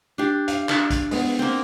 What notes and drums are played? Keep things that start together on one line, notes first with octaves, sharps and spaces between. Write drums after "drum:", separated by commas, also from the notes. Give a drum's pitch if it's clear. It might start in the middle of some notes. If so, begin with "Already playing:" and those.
D4 G4
F5, drum: hi-hat
D4 D5 C#6, drum: clap
drum: kick, hi-hat
G#3 B3, drum: open hi-hat
A#3 C4